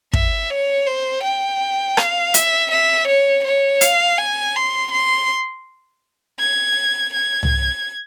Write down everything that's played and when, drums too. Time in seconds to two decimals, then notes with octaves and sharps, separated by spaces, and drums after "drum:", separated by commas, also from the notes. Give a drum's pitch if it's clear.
0.13 E5, drum: kick
0.50 C#5
0.87 C5
1.23 G5
1.97 F5, drum: rim click
2.34 E5, drum: hi-hat
2.71 E5
3.07 C#5
3.44 C#5
3.81 F5, drum: hi-hat
4.18 G#5
4.56 C6
4.92 C6
6.39 G#6
7.13 G#6
7.43 drum: tom C2